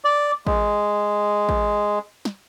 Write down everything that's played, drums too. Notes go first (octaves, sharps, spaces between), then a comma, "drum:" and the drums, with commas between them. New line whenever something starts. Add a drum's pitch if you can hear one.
D5
G#3, drum: kick A1
drum: kick A1
drum: snare